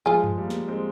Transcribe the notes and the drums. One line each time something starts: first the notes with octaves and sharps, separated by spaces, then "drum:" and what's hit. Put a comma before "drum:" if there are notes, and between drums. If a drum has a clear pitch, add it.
F3 G#3 F4 G#4
drum: tom F#2
G3 A#3
drum: snare
G#3 C4